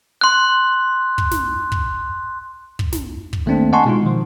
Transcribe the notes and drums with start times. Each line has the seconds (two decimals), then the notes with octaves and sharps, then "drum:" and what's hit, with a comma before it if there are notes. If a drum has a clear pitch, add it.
0.21 C6 F#6
1.18 drum: kick
1.31 drum: snare
1.72 drum: kick
2.79 drum: kick
2.92 drum: snare
3.33 drum: kick
3.46 D#3 A3 A#3 C4 D4
3.73 D#5 F#5 G#5 A5 C6 C#6
3.85 B2 G#3 D#4 F4
4.02 D#3 F3